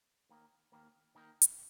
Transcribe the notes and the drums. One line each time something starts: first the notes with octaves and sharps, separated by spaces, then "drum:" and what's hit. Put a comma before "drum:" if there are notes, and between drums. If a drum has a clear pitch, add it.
D#2 D#3 A#3
D#2 D#3 A#3
D#3 A#3 D#4 A#4
drum: hi-hat